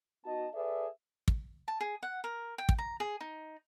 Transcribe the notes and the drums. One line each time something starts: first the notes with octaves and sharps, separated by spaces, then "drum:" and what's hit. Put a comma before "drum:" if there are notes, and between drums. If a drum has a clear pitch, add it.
B3 D#4 F#4 D#5 A5
G#4 A4 B4 D5 E5
drum: kick
A5
G#4
F#5
A#4
G5
drum: kick
A#5
G#4
D#4